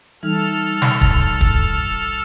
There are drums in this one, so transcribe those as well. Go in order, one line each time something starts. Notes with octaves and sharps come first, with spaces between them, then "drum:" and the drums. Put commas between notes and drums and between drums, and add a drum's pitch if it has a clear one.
E3 G3 D#4 A4 F6
drum: snare
drum: kick
drum: kick